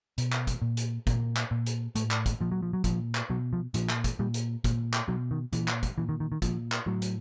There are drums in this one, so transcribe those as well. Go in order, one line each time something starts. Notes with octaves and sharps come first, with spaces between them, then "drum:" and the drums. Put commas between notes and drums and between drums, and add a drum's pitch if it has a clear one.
B2, drum: hi-hat
drum: clap
drum: kick, hi-hat
A#2
drum: hi-hat
A#2 A#3, drum: kick, hi-hat
drum: clap
A#2
drum: hi-hat
A2 A3, drum: hi-hat
drum: clap
drum: kick, hi-hat
A#2 F3
F#3
F3
F#3
A#2 F3, drum: kick, hi-hat
drum: clap
B2 F#3
F3
A#2 F3, drum: hi-hat
drum: clap
drum: kick, hi-hat
A#2 G3
drum: hi-hat
A#2, drum: kick, hi-hat
drum: clap
B2 F#3
D#3
A#2 E3, drum: hi-hat
drum: clap
drum: kick, hi-hat
A#2 E3
D#3
D#3
D#3
A#2 F3, drum: kick, hi-hat
drum: clap
A2 F#3
drum: hi-hat